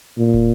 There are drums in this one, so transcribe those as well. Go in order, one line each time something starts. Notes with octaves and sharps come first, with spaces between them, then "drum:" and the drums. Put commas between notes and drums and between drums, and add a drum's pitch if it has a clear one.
A#2
drum: kick